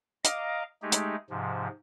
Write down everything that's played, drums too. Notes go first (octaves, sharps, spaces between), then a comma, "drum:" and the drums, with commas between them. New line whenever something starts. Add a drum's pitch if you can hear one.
D#5 F5 A#5 D6, drum: hi-hat
G#3 A3 D#4 G4 G#4
drum: hi-hat
G#2 C3 F3